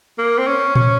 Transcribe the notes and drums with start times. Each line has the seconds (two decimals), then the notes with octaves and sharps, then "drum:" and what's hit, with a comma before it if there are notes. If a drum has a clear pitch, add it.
0.18 A#3
0.38 C4
0.47 C#4
0.75 C#4, drum: tom A#2